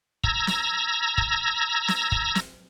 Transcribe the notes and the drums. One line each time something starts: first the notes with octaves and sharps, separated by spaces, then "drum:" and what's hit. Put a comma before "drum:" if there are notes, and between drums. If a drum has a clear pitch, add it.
A#5 E6 G#6 A#6, drum: kick
drum: snare
drum: kick
drum: snare
drum: kick
drum: snare